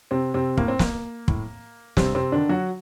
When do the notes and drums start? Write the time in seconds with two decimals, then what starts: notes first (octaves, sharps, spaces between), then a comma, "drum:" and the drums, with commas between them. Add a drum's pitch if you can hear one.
0.11 C3 C4
0.34 C3 C4
0.57 A2 A#3, drum: kick
0.68 C4
0.79 A#3, drum: snare
1.28 A2, drum: kick
1.97 G2 C3 C4, drum: snare
2.15 C3 C4
2.32 D3 D#3 D4
2.49 F#3 F#4